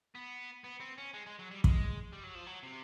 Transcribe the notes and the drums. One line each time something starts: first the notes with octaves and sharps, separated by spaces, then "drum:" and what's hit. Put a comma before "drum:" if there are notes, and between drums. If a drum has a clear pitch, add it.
B3
B3
C4
C#4
G#3
G#3
F#3
G3
G#3, drum: kick
G3
F#3
F3
F#3
C3